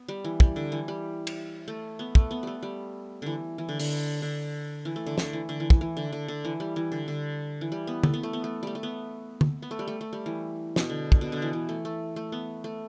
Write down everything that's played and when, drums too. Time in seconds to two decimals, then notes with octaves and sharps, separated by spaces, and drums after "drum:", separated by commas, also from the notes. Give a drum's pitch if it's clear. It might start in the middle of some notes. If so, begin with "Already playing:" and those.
Already playing: B3
0.08 G3
0.24 E3
0.40 G3, drum: kick
0.56 D3
0.72 E3
0.88 G3
1.27 drum: cymbal
1.68 A3
1.99 B3
2.15 A3, drum: kick
2.31 B3
2.43 G3 A3
2.63 G3
3.22 D3 E3
3.58 E3
3.69 D3
3.80 D3, drum: open hi-hat
4.22 D3
4.85 E3
4.96 A3
5.06 D3
5.18 D3, drum: snare
5.33 E3
5.49 D3
5.60 E3
5.70 E3, drum: kick
5.81 E3
5.97 D3
6.12 D3
6.28 D3
6.45 E3
6.60 G3
6.76 E3
6.92 D3
7.08 D3
7.61 E3
7.72 G3
7.87 B3
8.03 A3, drum: tom
8.14 B3
8.23 A3
8.33 B3
8.44 A3
8.63 G3 A3
8.75 A3
8.83 B3
9.41 drum: tom
9.62 B3
9.71 A3
9.79 G3
9.88 A3
10.01 A3
10.13 G3
10.26 E3
10.76 B2, drum: snare
10.90 D3
11.12 drum: kick
11.21 B2
11.32 D3
11.42 E3
11.53 E3
11.69 A3
11.85 A3
12.16 A3
12.32 B3
12.64 A3